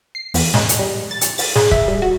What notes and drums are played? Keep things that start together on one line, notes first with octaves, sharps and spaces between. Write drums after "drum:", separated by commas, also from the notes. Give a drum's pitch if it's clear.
C7
E2, drum: open hi-hat
G#3, drum: snare
drum: hi-hat
G3
A6
drum: hi-hat
A6, drum: open hi-hat
G#4, drum: snare
E5, drum: kick
G3
F#4